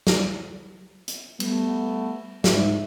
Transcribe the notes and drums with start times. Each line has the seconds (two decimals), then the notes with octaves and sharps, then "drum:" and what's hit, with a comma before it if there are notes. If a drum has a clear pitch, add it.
0.07 drum: snare
1.08 drum: hi-hat
1.40 G3 A3 B3, drum: cymbal
2.44 G#2 E5, drum: snare